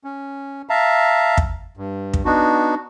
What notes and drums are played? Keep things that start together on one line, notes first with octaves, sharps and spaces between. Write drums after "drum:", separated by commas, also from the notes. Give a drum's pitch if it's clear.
C#4
E5 F5 A5 A#5
drum: kick
G2
drum: kick
B3 D4 D#4 F#4